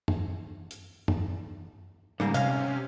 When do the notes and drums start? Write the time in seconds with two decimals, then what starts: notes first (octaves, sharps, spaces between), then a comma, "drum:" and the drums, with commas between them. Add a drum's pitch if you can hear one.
0.08 drum: tom
0.71 drum: hi-hat
1.08 drum: tom
2.20 G#2 C#3 G3 A#3, drum: rim click
2.34 C3 C#4 F5, drum: hi-hat